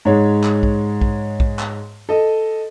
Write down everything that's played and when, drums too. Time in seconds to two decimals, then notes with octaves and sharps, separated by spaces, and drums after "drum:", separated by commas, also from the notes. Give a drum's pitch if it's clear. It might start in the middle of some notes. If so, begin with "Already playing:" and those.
0.05 G#2 G#3 C#5
0.44 drum: clap
0.63 drum: kick
1.01 drum: kick
1.40 drum: kick
1.59 drum: clap
2.09 A4 D#5